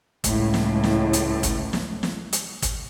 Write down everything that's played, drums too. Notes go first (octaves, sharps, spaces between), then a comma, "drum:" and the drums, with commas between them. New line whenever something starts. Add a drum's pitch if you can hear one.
C#2 A2, drum: kick, hi-hat
drum: snare
drum: snare
drum: hi-hat
drum: kick, hi-hat
drum: snare
drum: snare
drum: hi-hat
drum: kick, hi-hat